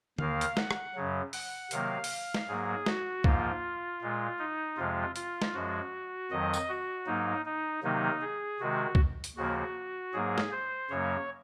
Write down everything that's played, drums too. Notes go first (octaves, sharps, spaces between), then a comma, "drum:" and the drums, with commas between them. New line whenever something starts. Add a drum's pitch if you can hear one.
D#2 D#3 A#3 F5, drum: tom D3
drum: hi-hat
F#5, drum: snare
drum: rim click
F#2 C#3 F#3
F#5, drum: open hi-hat
C3 D#3 F#3 A#3 F5, drum: hi-hat
drum: open hi-hat
drum: snare
G#2 F#3 A#3 G#4
F#4, drum: snare
G#2 F3 A#3 F4, drum: kick
A#2 G#3
D#4
F2 C3 F3 G#3 F4
F4, drum: hi-hat
drum: snare
F#2 F3 G#3 F#4
F2 D#3 F#3 D#5
drum: tambourine
F#4
G#2 F#3 A#3 D#4
D#4
C3 D#3 F#3 A#3 D#4
G#4
C3 D#3 G#3 F#4
drum: kick
drum: hi-hat
D#2 C#3 F3 A#3 F#4
G#2 F#3 A#3 G#4
drum: snare
C5
F#2 C#3 F#3 A#3 C#5